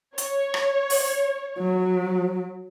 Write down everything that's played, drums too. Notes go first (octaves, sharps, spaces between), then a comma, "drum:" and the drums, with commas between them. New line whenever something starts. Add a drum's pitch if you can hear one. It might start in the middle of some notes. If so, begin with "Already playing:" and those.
C#5, drum: hi-hat
drum: rim click
drum: open hi-hat
F#3